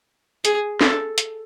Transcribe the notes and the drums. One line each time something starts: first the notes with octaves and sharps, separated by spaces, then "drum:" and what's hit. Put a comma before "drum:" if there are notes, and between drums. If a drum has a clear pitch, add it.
G#4, drum: hi-hat
A4, drum: snare
drum: hi-hat